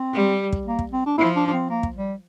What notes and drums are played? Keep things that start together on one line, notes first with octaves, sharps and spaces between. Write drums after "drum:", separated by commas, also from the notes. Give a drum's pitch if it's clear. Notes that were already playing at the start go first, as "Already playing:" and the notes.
Already playing: C4
G3
drum: kick
A#3
drum: kick
C4
D4
F3 E4
D4
D4
C4
A#3
drum: kick
G3